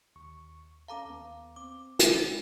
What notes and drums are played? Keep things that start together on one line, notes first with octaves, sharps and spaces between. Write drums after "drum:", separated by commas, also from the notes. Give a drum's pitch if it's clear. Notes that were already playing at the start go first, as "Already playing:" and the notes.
D#2 C#6
C#4 A4 F5 A5 A#5 D6
D#2 B3
C4 D6
drum: hi-hat
G#3